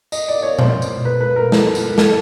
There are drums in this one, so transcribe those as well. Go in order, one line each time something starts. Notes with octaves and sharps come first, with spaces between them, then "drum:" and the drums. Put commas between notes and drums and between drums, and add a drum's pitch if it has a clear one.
D#5, drum: tambourine
D5
C#5
C5, drum: tom A#2
drum: tambourine
B4
B4
A#4
A4, drum: snare
drum: tambourine
A4, drum: snare